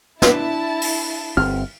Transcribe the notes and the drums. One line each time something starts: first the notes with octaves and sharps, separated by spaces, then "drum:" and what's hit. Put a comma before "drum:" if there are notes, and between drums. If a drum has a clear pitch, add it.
D4 E4 E5 A5, drum: snare
drum: open hi-hat
G1 C4 F6